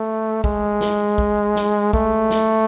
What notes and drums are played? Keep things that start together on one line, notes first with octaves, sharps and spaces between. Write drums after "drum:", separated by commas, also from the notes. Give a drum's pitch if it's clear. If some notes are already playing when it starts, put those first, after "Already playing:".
Already playing: A3
G#3, drum: kick
drum: snare
drum: kick
drum: snare
A3, drum: kick
drum: snare